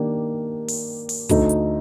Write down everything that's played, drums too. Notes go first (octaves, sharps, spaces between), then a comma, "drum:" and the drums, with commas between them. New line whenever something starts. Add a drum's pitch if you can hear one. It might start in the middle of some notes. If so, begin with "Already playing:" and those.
Already playing: D#3 A#3 D4 G4
drum: open hi-hat
drum: open hi-hat
D2 D3 A3 D#4 A4, drum: kick, hi-hat
drum: hi-hat